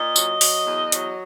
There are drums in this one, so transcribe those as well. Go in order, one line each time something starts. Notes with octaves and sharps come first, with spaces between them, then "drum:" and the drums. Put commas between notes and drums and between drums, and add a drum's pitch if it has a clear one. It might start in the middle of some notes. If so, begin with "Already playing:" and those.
Already playing: A#2 D#5
F#3, drum: tambourine
F#3, drum: open hi-hat
E2
F#3, drum: hi-hat